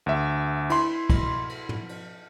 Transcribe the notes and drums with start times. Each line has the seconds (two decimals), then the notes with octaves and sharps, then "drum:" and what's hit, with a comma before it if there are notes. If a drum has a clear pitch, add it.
0.06 D2 E5
0.70 E4 C6, drum: cymbal
1.10 drum: kick, cymbal
1.49 drum: cymbal
1.69 drum: tom
1.89 drum: cymbal